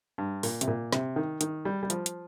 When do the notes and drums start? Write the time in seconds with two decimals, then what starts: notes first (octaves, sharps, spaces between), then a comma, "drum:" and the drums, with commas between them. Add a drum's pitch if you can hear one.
0.18 G2
0.43 A#2, drum: open hi-hat
0.61 C3, drum: hi-hat
0.68 A#2
0.92 C3, drum: snare
1.16 D#3
1.41 D#3, drum: hi-hat
1.65 G3
1.83 G3
1.90 F3, drum: hi-hat
2.06 drum: hi-hat